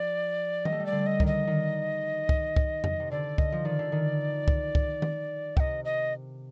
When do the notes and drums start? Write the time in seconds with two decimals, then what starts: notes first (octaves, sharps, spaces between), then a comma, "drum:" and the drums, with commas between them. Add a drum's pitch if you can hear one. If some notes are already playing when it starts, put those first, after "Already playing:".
Already playing: F3 D5
0.65 G3 D#5, drum: tom D#3
0.72 A3
0.80 G3
0.86 D5
0.92 D3
1.06 D#5
1.20 D#3, drum: kick
1.27 D#5
1.47 D#3
2.29 drum: kick
2.56 drum: kick
2.84 drum: tom F2
3.00 C3
3.11 D3 D5
3.38 D#5, drum: kick
3.52 F3
3.65 D#3 D5
3.79 D3
3.92 D#3
4.48 drum: kick
4.75 drum: kick
5.02 drum: tom D#3
5.57 C3 D#5 G5, drum: kick
5.85 D#5